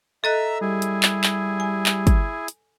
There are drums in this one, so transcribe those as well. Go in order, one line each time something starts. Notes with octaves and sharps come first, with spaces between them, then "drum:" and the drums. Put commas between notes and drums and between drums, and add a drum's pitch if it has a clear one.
A4 D#5 E5 A#5 E6 F#6
G3 E4 G#4
drum: hi-hat
drum: clap
drum: clap
G#5
drum: clap
drum: kick, hi-hat
drum: hi-hat